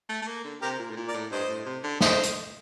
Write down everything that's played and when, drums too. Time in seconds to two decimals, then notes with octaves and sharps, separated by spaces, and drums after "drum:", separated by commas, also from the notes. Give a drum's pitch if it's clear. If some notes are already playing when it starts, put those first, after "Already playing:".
0.09 A3
0.22 A3
0.27 A#3
0.44 D3
0.62 C3 G4 A#4
0.79 A#2
0.91 A2
0.96 A#2
1.08 A#4 D5
1.14 A2
1.31 G2 C5 D#5
1.49 A2
1.66 C3
1.83 D3
2.01 D3 C5 D#5, drum: snare
2.23 drum: hi-hat